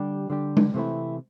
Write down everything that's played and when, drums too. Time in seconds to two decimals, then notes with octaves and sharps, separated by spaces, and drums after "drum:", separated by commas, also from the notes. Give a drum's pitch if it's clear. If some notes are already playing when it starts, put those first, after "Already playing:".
Already playing: D3 G3 D4 G4
0.30 D3 G3 D4 G4
0.57 drum: tom G#3
0.74 C3 E3 A3 C4 E4